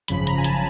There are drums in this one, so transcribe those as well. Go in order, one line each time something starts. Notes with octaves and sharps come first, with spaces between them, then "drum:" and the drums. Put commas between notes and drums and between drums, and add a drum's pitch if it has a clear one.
G#1 F#2 C#3 F3 B5, drum: hi-hat
A#5, drum: hi-hat
G#5
A5, drum: hi-hat